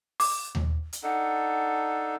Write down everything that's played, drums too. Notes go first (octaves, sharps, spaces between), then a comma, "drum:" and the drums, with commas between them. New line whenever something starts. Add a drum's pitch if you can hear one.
D6, drum: open hi-hat
drum: tom D#2
drum: hi-hat
D4 D#4 A4 F#5